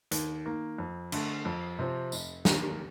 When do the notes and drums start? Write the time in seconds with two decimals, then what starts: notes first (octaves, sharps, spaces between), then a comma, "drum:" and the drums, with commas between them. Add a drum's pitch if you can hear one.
0.11 D#2, drum: hi-hat
0.46 D#3 A#3
0.78 F2
1.12 D3 A3, drum: cymbal
1.45 F2
1.79 C3 F3 C4
2.12 F1, drum: tambourine
2.45 D#2 D#3 A#3, drum: snare